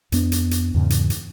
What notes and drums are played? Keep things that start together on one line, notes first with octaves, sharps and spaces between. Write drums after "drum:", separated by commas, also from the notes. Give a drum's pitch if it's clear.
F2 B3 D4, drum: hi-hat
drum: hi-hat
drum: hi-hat
E2 G#2 C#3
drum: hi-hat
drum: hi-hat